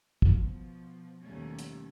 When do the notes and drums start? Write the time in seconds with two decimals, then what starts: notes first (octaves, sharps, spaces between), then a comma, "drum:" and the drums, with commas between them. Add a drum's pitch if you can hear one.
0.22 B2 F3, drum: kick
1.22 D#2 B2 F3 G3 A3 C#4
1.59 drum: hi-hat